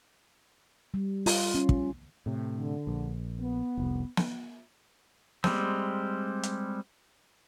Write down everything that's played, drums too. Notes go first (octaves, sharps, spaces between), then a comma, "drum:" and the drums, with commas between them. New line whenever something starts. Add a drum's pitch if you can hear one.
G3
F4, drum: open hi-hat
C#4
drum: kick
A2 C3
D3
A#1
B3
F1 C2
drum: snare
G3 G#3 C4, drum: snare
drum: hi-hat